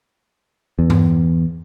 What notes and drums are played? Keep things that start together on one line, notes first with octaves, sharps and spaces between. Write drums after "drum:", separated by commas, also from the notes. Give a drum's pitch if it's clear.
E2
drum: tom G2